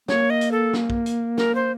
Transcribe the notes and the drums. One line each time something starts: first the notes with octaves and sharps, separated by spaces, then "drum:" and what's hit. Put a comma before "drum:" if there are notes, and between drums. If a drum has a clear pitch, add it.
A#3 C#5, drum: snare
D#5
drum: hi-hat
A4
drum: snare
drum: kick
drum: hi-hat
A#4, drum: snare
C5